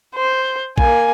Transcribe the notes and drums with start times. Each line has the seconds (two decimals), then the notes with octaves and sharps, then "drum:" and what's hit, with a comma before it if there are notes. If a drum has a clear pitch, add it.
0.15 C5
0.78 A#3 G#5, drum: kick A#1